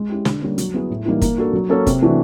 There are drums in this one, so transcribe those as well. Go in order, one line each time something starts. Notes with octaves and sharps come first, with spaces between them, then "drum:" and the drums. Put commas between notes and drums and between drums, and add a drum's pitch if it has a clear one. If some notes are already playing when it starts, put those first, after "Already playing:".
Already playing: G#3
C#4 E4 G4
D3, drum: snare
G3 A#3 C#4
F#3, drum: hi-hat
B3 E4 G#4
A2
E3 G3 A#3 D#4
A#3, drum: kick, hi-hat
D4 F#4 A4
F#3
A#3 C#4 F#4 A4
C3, drum: kick, hi-hat
E3 A3 D4 F#4